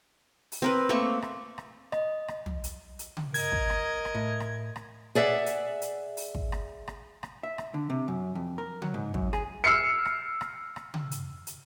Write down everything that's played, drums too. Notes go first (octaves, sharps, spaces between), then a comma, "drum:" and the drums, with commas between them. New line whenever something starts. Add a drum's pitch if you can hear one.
drum: open hi-hat
C4 A#4 B4
A3 A#3 C4 C#6, drum: rim click
drum: rim click
drum: rim click
D#5, drum: rim click
drum: rim click
drum: tom
drum: hi-hat
drum: hi-hat
drum: tom C#3
A#4 D#5 G#6, drum: open hi-hat
drum: kick
drum: rim click
drum: rim click
A2
drum: rim click
drum: rim click
G#4 D5 E5 F#5
drum: hi-hat
drum: hi-hat
drum: open hi-hat
drum: kick
drum: rim click
drum: rim click
drum: rim click
E5
drum: rim click
D3
C3
F#2
F2
A#4
F#3, drum: tom C#3
G#2
F#2, drum: kick
G#4, drum: rim click
E6 F6 C7 C#7
drum: rim click
drum: rim click
drum: rim click
drum: tom C#3
drum: hi-hat
drum: hi-hat